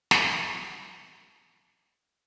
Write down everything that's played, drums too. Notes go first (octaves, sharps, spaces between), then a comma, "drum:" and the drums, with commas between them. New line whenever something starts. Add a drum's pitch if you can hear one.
G4 A#4, drum: snare